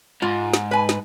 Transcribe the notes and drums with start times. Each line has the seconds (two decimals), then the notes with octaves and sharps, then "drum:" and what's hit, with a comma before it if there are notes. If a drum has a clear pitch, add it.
0.22 G#2 F4
0.53 drum: snare
0.71 B4 G#5
0.89 drum: snare